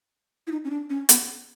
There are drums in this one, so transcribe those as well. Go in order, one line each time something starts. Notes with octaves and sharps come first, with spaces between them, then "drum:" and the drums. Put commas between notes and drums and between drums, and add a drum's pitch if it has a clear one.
E4
D#4
C#4
D4
C#4
B3, drum: hi-hat